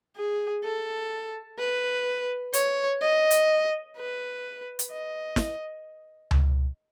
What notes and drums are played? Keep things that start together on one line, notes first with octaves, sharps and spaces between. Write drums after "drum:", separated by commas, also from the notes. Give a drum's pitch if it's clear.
G#4
A4
B4
C#5, drum: hi-hat
D#5
drum: hi-hat
B4
drum: hi-hat
D#5
drum: snare
drum: tom C#2